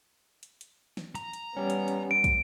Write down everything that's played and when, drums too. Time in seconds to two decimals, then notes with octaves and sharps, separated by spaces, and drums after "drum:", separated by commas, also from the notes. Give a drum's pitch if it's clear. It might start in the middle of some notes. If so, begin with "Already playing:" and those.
0.43 drum: hi-hat
0.61 drum: hi-hat
0.97 drum: snare
1.15 A#5, drum: hi-hat
1.33 drum: hi-hat
1.57 G3 B3 C#4 G4
1.70 drum: hi-hat
1.88 drum: hi-hat
2.11 D7
2.24 drum: kick, hi-hat